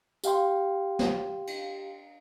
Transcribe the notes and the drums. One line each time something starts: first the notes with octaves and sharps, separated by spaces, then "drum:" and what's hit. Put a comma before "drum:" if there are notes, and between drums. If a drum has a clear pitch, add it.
G4 F5 G5 C6, drum: tambourine
drum: snare
drum: cymbal